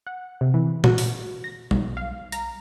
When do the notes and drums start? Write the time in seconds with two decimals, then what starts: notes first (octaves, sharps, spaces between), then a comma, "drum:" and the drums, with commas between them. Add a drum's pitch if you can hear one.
0.07 F#5
0.41 C3
0.54 E3
0.84 F#4, drum: tom A#2
0.98 drum: open hi-hat
1.44 A#6
1.71 B1, drum: tom G3
1.97 F5
2.32 A#5, drum: hi-hat